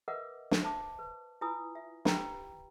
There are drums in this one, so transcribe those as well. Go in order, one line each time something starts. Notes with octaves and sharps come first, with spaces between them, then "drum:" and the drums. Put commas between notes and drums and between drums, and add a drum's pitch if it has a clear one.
A#4 B4 D#5 E5 F#5 D6
drum: snare
C5 E5 A5 D6
B4
E4 F4 B4 G#5 D#6
E5
G4 B4 G5 A#5 B5, drum: snare